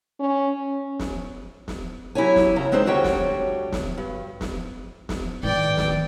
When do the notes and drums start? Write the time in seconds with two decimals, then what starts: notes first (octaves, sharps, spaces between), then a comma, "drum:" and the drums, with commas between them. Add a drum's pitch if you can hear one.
0.20 C#4
1.00 drum: snare
1.68 drum: snare
2.15 F#3 E4 G4 C#5 G#5
2.36 drum: snare
2.56 F#2 C#3 A#5
2.72 G#3 C4 D#4 G#4 C5 G5
2.86 D2 G3 F#4 C#5 G5
3.04 drum: snare
3.73 drum: snare
3.98 G2
4.41 drum: snare
5.09 drum: snare
5.43 A2 D#3 E3 D5 G5
5.77 drum: snare